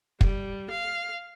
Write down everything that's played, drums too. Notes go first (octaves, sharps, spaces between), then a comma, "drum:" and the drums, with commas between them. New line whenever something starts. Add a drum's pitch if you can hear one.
G3, drum: kick
F5